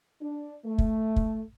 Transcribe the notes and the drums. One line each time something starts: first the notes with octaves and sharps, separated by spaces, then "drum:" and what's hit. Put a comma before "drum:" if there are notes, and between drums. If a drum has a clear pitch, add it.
D4
A3
drum: kick
drum: kick